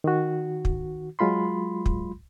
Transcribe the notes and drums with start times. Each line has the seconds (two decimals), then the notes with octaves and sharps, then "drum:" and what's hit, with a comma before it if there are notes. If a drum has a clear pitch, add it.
0.04 D#3 F#4
0.65 drum: kick
1.19 F#3 G#3 F4 B5 C6
1.86 drum: kick